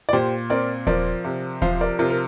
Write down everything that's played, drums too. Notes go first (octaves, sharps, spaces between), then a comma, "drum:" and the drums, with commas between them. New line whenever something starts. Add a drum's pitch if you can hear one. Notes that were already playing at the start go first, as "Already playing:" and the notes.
D5
A#2 G4 C5
C4 A#4 D5
F3 A#4 D5, drum: kick D#1
C3
F3 C5 F5, drum: kick D#1
A#4 D5
C3 F4 A#4
A#4